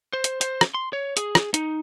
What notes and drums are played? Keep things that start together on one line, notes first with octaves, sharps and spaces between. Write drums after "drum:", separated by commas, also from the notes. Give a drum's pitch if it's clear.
C5
drum: hi-hat
C5, drum: hi-hat
drum: rim click
C6
C#5
G#4, drum: hi-hat
drum: rim click
D#4, drum: hi-hat